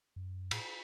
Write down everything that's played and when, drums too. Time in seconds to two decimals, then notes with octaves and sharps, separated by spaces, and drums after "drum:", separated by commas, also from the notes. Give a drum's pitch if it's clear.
0.16 F#2
0.51 A2, drum: cymbal